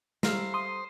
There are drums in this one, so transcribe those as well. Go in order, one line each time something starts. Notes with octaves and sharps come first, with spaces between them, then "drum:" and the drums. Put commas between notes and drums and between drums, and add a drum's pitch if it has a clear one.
G3 A4 C5 E5 F5 A#5, drum: snare
C6 D#6